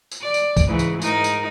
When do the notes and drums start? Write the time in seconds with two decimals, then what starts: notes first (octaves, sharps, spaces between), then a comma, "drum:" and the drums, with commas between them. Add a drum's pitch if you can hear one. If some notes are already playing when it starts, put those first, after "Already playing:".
0.11 drum: tambourine
0.22 D5
0.34 drum: tambourine
0.57 drum: kick C#2, tambourine
0.67 G#2 C#3 E3
0.79 drum: tambourine
1.02 G#2 D#4 A#4, drum: tambourine
1.24 drum: tambourine